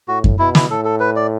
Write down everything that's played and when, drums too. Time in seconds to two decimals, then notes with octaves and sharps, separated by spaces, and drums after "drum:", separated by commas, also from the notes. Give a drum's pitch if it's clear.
0.08 A2 F#4
0.24 drum: kick F#2
0.39 B2 E4
0.55 E4, drum: snare
0.70 A2 A4
0.85 A4
1.00 B4
1.16 D5